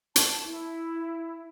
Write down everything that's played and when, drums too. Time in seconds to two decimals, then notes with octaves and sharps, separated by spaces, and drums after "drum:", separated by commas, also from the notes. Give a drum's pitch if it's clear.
0.16 A5, drum: hi-hat
0.45 E4